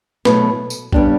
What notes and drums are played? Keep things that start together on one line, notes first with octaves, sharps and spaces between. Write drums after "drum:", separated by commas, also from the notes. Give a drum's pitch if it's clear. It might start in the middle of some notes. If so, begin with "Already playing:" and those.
B2 F#3 A3 E4 B4, drum: snare
drum: tambourine
C#3 G3 B3 D4 G4, drum: kick A#1